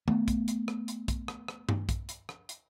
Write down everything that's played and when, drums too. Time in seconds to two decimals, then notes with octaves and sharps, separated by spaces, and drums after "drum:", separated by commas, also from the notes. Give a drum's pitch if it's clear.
0.08 A3 B3, drum: tom D#3
0.28 drum: kick, hi-hat
0.48 drum: hi-hat
0.68 drum: rim click
0.88 drum: hi-hat
1.08 drum: kick, hi-hat
1.28 drum: rim click
1.48 drum: rim click
1.69 drum: tom G2
1.89 drum: kick, hi-hat
2.09 drum: hi-hat
2.29 drum: rim click
2.49 drum: hi-hat